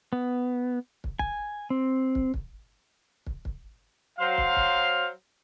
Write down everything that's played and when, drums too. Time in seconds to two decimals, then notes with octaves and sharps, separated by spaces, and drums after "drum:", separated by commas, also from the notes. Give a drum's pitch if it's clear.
0.13 B3
1.04 drum: kick
1.19 G#5, drum: kick
1.70 C4
2.15 drum: kick
2.34 drum: kick
3.27 drum: kick
3.45 drum: kick
4.19 F#3 C5 F5
4.38 drum: kick
4.56 drum: kick